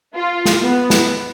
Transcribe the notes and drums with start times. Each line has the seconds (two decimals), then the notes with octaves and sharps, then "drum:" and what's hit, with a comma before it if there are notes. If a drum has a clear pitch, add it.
0.15 F4
0.45 drum: snare
0.61 B3
0.90 drum: snare